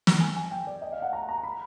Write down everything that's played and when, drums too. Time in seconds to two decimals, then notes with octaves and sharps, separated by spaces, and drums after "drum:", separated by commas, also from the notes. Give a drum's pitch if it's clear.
0.07 drum: snare
0.20 G#5
0.36 G#5
0.51 G5
0.67 D5
0.82 D#5
0.92 F5
1.02 F#5
1.13 A#5
1.29 A#5
1.43 B5